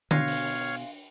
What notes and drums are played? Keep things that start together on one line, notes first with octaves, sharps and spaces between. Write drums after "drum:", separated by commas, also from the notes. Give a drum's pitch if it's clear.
B2 D4 F4 C#5 F5 F#6 A#6, drum: tom D3
drum: open hi-hat